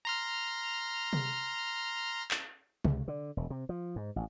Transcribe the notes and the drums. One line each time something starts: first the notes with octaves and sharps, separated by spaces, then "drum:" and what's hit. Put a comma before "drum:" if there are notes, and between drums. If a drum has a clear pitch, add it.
A#5 C6 F6
drum: tom C3
drum: clap
C#2, drum: tom C3
D3
E1
C3
F3
G#2
A1